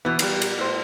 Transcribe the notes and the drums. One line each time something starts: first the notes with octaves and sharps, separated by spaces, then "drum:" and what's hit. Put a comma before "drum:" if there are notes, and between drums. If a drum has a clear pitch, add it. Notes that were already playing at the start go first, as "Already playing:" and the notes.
B2 E3 B3
A#2 G3, drum: cymbal
drum: cymbal
A2 C5